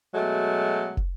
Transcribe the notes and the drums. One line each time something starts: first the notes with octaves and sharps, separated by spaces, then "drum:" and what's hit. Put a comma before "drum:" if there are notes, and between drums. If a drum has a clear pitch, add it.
B2 F#3 G#3 A3
drum: kick